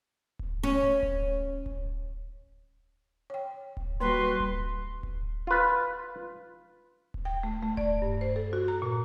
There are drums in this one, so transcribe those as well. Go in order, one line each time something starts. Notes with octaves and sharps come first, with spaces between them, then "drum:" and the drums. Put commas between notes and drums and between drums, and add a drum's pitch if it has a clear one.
drum: kick D1
C#4
drum: kick D1
drum: kick D1
C#5 G5
drum: kick D1
G3 A#3 F#4 B4 C6
drum: kick D1
drum: kick D1
F4 B4
drum: kick D1
G5
A3
A3
D5, drum: kick D1
G2
C5
A4
F#4
A#5
A#2